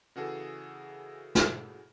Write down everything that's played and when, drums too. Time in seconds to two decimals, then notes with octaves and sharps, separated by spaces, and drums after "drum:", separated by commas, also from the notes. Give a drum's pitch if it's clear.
0.16 C#3 E3 F#4 G#4 A4
1.35 drum: snare